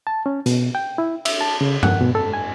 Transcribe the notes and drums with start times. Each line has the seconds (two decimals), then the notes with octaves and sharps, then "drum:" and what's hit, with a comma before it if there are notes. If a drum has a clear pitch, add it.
0.07 A5
0.26 C#4
0.46 B2, drum: hi-hat
0.75 G5
0.98 E4
1.25 E5, drum: cymbal
1.41 A5
1.61 C#3
1.83 F#5, drum: tom G2
2.01 B2
2.15 A4
2.33 G#5